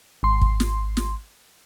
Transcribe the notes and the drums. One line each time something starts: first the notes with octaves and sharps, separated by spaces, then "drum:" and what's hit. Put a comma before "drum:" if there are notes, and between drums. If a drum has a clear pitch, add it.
G#1 C6
drum: kick
drum: snare
drum: snare